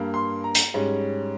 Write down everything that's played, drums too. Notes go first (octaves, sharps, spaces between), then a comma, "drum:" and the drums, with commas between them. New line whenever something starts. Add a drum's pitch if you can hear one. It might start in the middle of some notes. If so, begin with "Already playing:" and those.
Already playing: G2 G3 A#3
C6
A#5
drum: hi-hat
G#2 G3 C#4